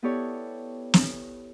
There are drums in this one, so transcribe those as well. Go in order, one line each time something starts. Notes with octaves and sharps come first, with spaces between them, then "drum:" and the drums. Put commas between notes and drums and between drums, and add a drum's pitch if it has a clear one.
B3 E4 G4 A4 C#5 D5
drum: snare